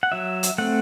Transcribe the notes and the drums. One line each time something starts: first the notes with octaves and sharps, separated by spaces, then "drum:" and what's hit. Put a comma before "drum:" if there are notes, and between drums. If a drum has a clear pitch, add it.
F#5
F#3 E5
drum: hi-hat
A3 C4 F#5